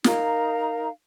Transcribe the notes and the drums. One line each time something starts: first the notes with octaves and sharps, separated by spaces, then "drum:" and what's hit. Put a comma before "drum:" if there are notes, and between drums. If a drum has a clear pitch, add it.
D#4 A#4 F5 A#5, drum: snare